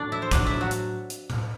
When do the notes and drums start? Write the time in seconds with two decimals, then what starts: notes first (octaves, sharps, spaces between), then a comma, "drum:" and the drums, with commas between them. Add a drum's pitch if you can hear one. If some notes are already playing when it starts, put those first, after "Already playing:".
Already playing: A2 F#3 A3 D4 D5
0.12 E4 E5
0.22 C5
0.31 A2 F#3 A3 D4 D5, drum: kick, hi-hat
0.46 E4 E5
0.61 F#3 F#4
0.71 drum: hi-hat
1.10 drum: hi-hat
1.30 drum: tom A2